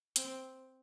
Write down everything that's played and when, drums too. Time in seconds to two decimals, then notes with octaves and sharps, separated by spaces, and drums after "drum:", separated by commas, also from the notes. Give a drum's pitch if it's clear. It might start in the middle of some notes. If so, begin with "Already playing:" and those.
0.16 C4, drum: hi-hat